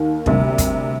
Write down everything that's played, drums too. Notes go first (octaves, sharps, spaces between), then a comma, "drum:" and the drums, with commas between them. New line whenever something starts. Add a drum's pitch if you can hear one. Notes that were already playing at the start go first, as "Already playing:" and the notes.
Already playing: D#2 D#3
D2 C3 G3 A#3, drum: kick
drum: kick, hi-hat